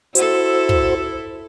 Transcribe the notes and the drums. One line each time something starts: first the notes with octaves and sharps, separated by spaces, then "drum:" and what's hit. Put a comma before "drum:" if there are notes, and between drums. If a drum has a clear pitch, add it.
E4 F#4 A4 C5, drum: hi-hat
drum: kick